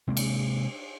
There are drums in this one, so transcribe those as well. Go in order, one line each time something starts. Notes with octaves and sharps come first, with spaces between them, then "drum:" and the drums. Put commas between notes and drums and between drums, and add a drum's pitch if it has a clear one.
C3 G#3 A#3
drum: cymbal